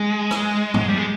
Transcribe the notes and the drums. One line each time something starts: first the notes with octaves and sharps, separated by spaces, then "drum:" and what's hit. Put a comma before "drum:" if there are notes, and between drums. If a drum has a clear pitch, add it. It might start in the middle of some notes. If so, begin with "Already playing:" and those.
Already playing: G#3
drum: rim click
drum: tom G#2
G3
G#3